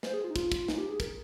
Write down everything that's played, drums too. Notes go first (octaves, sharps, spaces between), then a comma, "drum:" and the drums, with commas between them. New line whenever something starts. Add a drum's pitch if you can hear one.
C5, drum: snare
G#4
F4
D#4
F4, drum: kick, hi-hat
drum: kick, hi-hat
D#4, drum: snare
G4
G#4
A#4, drum: kick, hi-hat